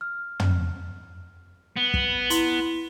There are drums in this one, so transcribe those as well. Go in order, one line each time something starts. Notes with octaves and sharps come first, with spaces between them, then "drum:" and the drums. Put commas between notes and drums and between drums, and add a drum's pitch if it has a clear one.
F6
drum: tom
B3
drum: kick
E4 C6, drum: hi-hat